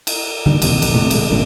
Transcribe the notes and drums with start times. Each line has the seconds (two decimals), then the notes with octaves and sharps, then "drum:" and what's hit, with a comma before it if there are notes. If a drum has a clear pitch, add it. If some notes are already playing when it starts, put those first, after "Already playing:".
0.07 drum: cymbal
0.46 D#2 D3 D#3 G3
0.62 E1 D#2 C3, drum: cymbal
0.82 A#1, drum: cymbal
0.94 D#2 A2 C3 A3
1.11 D#1 C3 G#3, drum: cymbal
1.30 G#1 G2 A#2 C#3